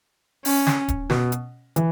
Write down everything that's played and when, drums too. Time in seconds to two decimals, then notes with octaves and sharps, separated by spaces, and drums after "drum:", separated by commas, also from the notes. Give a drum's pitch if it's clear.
0.45 C#4, drum: open hi-hat
0.67 drum: snare
0.88 drum: kick D1, hi-hat
1.10 B2, drum: snare
1.32 drum: hi-hat
1.76 E3, drum: hi-hat